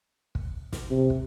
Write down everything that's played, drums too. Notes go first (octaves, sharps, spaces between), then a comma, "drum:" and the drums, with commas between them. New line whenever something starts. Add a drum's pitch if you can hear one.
drum: kick
drum: snare
C3
drum: kick